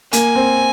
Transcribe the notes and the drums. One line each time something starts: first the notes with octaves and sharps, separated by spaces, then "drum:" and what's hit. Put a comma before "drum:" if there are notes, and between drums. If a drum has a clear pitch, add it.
A#3 G#5, drum: hi-hat
C4